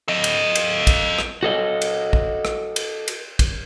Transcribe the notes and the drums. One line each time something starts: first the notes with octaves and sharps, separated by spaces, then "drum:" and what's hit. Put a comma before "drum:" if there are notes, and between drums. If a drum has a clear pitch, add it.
A4 D#5
drum: cymbal
drum: cymbal
drum: kick A#1, cymbal
drum: rim click
F#4 A4 D#5
drum: cymbal
drum: kick A#1
drum: rim click
drum: cymbal
drum: cymbal
drum: kick A#1, cymbal